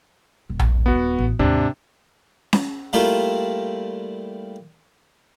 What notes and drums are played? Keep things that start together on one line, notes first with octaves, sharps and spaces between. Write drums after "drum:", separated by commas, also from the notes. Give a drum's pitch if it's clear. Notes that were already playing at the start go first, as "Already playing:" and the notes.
D#1
drum: tom A#1
B3 F#4
A1
D#2 G#2 C3 D4
drum: snare C#4
G3 A3 A#3 E4 F4